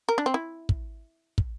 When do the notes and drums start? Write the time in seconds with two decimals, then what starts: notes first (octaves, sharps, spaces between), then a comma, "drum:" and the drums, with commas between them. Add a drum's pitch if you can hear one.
0.09 A#4
0.18 D4
0.26 C4
0.34 E4
0.69 drum: kick
1.38 drum: kick